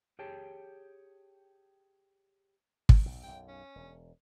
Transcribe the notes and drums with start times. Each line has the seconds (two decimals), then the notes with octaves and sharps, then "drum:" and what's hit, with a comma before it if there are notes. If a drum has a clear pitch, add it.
0.19 G4 G#4 C#5 G5 A5
2.89 drum: kick
3.05 B1
3.23 B1 F#2 G5
3.48 C#4
3.75 E1